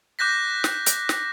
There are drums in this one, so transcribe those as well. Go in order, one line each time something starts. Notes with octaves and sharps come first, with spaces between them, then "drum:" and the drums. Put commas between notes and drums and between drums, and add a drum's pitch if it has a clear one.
D6 F#6 G6 A#6 B6
drum: snare
drum: hi-hat
drum: snare